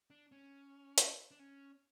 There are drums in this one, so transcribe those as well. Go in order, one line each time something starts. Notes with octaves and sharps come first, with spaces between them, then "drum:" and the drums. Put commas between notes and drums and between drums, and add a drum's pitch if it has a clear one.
D4
C#4
drum: hi-hat
D4
C#4